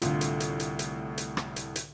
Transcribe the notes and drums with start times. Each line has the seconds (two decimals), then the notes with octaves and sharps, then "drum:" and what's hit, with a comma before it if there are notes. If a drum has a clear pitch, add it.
0.02 C2 A2 D3 F4, drum: hi-hat
0.21 drum: hi-hat
0.40 drum: hi-hat
0.60 drum: hi-hat
0.79 drum: hi-hat
1.18 drum: hi-hat
1.37 drum: rim click
1.56 drum: hi-hat
1.76 drum: hi-hat